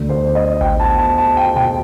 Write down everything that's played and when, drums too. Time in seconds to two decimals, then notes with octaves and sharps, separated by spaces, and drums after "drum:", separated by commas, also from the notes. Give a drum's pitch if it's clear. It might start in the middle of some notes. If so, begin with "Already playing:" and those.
Already playing: D2 D3
0.09 C5
0.35 D#5
0.61 G5, drum: kick A1
0.80 A5
0.98 A5
1.18 A5
1.37 G5
1.56 G5, drum: tom A#2